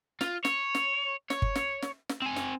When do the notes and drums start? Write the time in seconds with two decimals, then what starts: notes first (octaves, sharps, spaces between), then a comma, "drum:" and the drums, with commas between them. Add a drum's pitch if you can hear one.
0.21 F4, drum: snare
0.45 C#5, drum: snare
0.75 drum: snare
1.30 C#5, drum: snare
1.42 drum: kick G1
1.55 drum: snare
1.82 drum: snare
2.09 drum: snare
2.22 C4 G#5
2.36 drum: snare